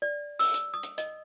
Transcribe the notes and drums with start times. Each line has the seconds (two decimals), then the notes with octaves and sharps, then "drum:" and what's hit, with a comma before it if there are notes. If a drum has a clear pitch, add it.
0.02 D5
0.39 E6, drum: open hi-hat
0.54 drum: hi-hat
0.74 D#6
0.83 drum: hi-hat
0.98 D#5, drum: hi-hat